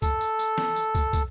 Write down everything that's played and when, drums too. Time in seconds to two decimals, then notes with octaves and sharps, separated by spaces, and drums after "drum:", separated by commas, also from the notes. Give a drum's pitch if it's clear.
0.02 A4, drum: kick, tambourine
0.21 drum: tambourine
0.39 drum: tambourine
0.58 drum: snare
0.76 drum: tambourine
0.95 drum: kick, tambourine
1.13 drum: kick, tambourine